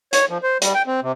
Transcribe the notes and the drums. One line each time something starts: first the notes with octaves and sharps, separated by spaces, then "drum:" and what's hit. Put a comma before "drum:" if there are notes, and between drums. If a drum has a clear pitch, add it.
C#5, drum: hi-hat
F3
C5
G3, drum: hi-hat
G5
C4
C3